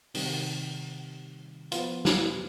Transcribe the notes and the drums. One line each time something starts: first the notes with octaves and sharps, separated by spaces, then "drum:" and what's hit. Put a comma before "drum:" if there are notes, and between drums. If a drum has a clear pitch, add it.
C3 D#3 G3, drum: open hi-hat
F3 B3 F4, drum: hi-hat
drum: snare